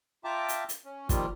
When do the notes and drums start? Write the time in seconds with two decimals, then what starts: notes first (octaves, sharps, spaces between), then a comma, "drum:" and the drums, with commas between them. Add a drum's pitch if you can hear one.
0.24 F4 E5 G5 A5 A#5 D6
0.49 drum: hi-hat
0.69 drum: hi-hat
0.85 C#4
1.09 D#3 F3 G3 A#3 C4 F4, drum: kick, hi-hat